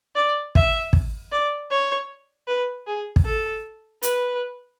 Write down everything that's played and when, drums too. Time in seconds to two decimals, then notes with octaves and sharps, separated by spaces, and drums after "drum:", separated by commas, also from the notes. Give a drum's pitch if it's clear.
0.16 D5
0.55 E5, drum: kick
0.93 drum: kick
1.32 D5
1.71 C#5
2.48 B4
2.87 G#4
3.16 drum: kick
3.25 A4
4.03 B4, drum: hi-hat